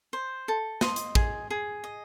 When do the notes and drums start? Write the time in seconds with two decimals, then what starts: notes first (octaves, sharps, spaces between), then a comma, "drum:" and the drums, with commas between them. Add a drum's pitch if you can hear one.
0.13 C5
0.48 A4
0.81 D#5 C6, drum: snare
0.96 drum: hi-hat
1.15 G#4, drum: kick
1.50 G#4
1.84 D#5